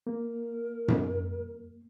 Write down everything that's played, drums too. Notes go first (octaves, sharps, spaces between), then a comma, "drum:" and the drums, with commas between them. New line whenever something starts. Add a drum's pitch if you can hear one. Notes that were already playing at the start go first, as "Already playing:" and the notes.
A#3 A#4
drum: tom F#2